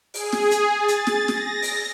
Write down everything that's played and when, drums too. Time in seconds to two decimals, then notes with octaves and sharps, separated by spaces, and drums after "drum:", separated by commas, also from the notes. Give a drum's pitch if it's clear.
0.14 G#4, drum: open hi-hat
0.33 drum: snare
0.51 drum: hi-hat
0.76 A6
0.88 drum: hi-hat
1.07 drum: snare
1.28 A#6, drum: snare
1.62 drum: open hi-hat